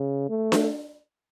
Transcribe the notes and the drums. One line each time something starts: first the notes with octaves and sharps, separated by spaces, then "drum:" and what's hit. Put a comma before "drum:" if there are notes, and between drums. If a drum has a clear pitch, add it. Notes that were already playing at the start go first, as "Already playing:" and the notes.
Already playing: C#3
A3
drum: snare D4